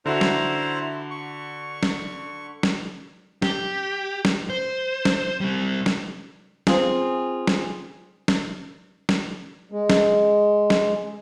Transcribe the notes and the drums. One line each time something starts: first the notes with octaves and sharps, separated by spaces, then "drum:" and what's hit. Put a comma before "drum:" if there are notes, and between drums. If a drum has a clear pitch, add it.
D3 E4 F#4 C5 A#5
drum: snare
C#6
drum: snare
drum: snare
G4, drum: snare
drum: snare
C5
drum: snare
G3 C4
drum: snare
C4 F4 G#4, drum: snare
drum: snare
drum: snare
drum: snare
G#3
drum: snare
drum: snare